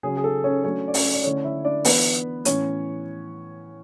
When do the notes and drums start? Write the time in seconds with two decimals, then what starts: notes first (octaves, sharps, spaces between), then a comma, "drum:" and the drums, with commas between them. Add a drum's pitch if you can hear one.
0.03 C#3 F#3 C#4 G#4
0.17 G#4
0.24 A4
0.44 C#4 C#5
0.64 F#3 A3 C#4 D4 C#5
0.88 D5
0.94 C#4 C#5, drum: open hi-hat
1.13 D5
1.24 D3 A3 C#4 E4 C#5
1.44 E4 E5
1.65 D4 D5
1.85 E3 B3 D4 B4, drum: open hi-hat
2.45 A2 E3 B3 C#4 C#5, drum: hi-hat